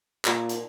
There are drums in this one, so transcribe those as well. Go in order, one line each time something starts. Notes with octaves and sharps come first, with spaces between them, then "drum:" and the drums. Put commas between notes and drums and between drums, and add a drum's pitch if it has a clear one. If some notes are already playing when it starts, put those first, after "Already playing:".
A#2, drum: clap
drum: hi-hat